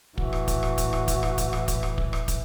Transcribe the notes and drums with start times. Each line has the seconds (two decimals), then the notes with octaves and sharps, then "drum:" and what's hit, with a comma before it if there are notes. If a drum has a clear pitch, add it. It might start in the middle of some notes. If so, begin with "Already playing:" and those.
0.18 A2 E3 F#4, drum: kick
0.33 drum: rim click
0.48 drum: kick, hi-hat
0.63 drum: rim click
0.78 drum: kick, hi-hat
0.93 drum: rim click
1.08 drum: kick, hi-hat
1.23 drum: rim click
1.38 drum: kick, hi-hat
1.53 drum: rim click
1.68 drum: kick, hi-hat
1.83 drum: rim click
1.98 drum: kick
2.13 drum: rim click
2.28 drum: kick, hi-hat